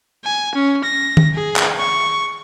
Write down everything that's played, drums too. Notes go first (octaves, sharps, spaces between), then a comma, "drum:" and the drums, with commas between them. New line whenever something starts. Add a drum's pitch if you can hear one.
G#5
C#4
A#6
drum: tom D#3
G#4
drum: clap
C#6